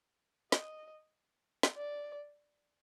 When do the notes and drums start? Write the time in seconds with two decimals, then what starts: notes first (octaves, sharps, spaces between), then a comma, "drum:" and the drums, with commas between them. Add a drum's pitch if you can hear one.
0.52 D#5, drum: snare
1.63 drum: snare
1.77 D5